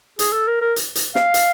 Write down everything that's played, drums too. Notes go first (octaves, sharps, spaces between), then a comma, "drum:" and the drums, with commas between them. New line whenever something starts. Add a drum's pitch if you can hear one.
G#4, drum: hi-hat
A4
A#4
A#4
drum: hi-hat
drum: hi-hat
F5, drum: snare
drum: hi-hat